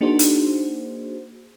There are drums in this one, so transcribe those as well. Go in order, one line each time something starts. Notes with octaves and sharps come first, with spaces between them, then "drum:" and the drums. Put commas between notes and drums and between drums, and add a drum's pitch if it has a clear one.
A#3 D4 D#4 F#4 G#4 C5
drum: hi-hat